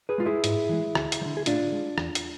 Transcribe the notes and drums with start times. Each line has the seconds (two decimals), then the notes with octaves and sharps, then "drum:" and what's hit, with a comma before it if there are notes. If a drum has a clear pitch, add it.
0.09 G#4 B4
0.18 G#3 F4
0.26 E4 G#4
0.44 G#2, drum: hi-hat
0.69 E3 G#3
0.95 D2, drum: rim click
1.12 drum: hi-hat
1.21 F3
1.25 D3
1.37 G#4
1.46 A2 D4 F4, drum: hi-hat
1.72 G#3
1.98 E2, drum: rim click
2.15 drum: hi-hat